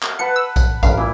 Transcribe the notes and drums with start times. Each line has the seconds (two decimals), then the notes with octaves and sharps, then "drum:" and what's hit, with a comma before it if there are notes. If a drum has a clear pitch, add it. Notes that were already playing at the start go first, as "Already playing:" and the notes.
0.03 drum: clap
0.19 B4 F#5 A5 C#7
0.36 E6
0.56 drum: kick B1, tambourine
0.83 A1 G2 A#4 F5, drum: kick B1, tambourine
0.97 A#2 E4